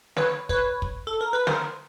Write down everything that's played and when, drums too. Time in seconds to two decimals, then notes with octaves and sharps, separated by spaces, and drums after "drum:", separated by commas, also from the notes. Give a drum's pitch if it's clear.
0.17 B4 C#5, drum: snare
0.49 B4 C#5, drum: kick
0.82 drum: kick
1.07 A4
1.21 A#4
1.33 B4
1.47 A#4 C5, drum: snare